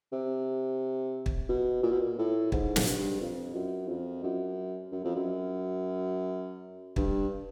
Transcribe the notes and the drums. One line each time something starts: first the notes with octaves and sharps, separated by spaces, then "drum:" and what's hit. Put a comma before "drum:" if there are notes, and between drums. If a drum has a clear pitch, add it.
C3
drum: kick
B2
A#2
B2
A#2
A2
G#2, drum: kick
drum: snare
G2
F2
F#2
F2
F#2
F#2
F2
F#2
G2, drum: kick